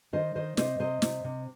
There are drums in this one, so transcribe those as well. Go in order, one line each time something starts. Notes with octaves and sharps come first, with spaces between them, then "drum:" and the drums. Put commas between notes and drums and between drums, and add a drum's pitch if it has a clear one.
D#3 C5 D#5
D#3 C5 D#5
C3 C5 D#5, drum: snare
C3 C5 D#5
C3, drum: snare
C3